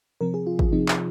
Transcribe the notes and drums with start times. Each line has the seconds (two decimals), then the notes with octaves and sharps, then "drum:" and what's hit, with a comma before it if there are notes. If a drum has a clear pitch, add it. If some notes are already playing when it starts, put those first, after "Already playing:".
0.21 C3 F3 C4 A#4
0.34 G#4
0.47 F4
0.59 F4, drum: kick G#1
0.72 C3 F3 C4 D#4
0.88 drum: clap